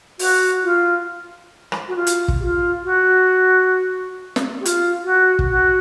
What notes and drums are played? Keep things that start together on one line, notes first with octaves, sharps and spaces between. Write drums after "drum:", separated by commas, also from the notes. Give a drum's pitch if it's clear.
F#4, drum: open hi-hat
F4
drum: rim click
F#4
F4
drum: hi-hat
drum: kick
G4
F4
F#4
drum: snare
G4
F4, drum: hi-hat
F#4
drum: kick
F#4